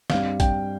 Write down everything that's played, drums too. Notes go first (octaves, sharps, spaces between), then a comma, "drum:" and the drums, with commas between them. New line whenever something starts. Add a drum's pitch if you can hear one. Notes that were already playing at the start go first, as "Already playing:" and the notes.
G2 G3 C4 F5, drum: snare
G5, drum: kick A#1, hi-hat